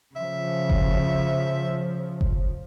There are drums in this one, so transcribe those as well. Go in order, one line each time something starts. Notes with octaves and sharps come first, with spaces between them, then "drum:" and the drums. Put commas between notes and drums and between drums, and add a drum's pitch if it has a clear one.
C#3 F3 E5
drum: kick F#1
drum: kick F#1